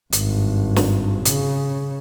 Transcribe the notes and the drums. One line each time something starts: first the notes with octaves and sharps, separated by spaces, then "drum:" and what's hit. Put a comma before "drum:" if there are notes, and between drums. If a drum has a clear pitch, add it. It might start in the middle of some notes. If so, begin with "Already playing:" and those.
G#1 G2, drum: hi-hat
drum: snare
C#3, drum: hi-hat